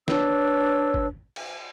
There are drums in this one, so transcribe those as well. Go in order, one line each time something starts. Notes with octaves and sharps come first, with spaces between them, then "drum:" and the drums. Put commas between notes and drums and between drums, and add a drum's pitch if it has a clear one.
D4 B4 C#5 E6, drum: snare
drum: kick
drum: cymbal